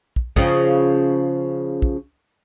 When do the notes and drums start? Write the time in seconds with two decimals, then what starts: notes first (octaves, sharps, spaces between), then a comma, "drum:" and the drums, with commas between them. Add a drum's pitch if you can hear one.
0.16 drum: kick
0.36 C#3 F3, drum: kick
1.82 drum: kick